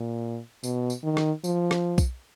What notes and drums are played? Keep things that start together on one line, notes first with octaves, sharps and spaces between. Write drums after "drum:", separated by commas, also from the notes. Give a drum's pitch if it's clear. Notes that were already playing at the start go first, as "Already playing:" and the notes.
Already playing: A#2
B2, drum: tambourine
drum: tambourine
D#3
drum: rim click
F3, drum: tambourine
drum: rim click
drum: kick, tambourine